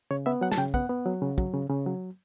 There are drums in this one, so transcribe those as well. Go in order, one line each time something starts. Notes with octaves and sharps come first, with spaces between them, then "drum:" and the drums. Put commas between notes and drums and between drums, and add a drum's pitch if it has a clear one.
C#3 C#5
B3 E5
F#3 F#5
A5, drum: snare
C#3 G5
B3 F#5, drum: kick
B3
F#3
C#3
F#3, drum: kick
C#3
C#3
F#3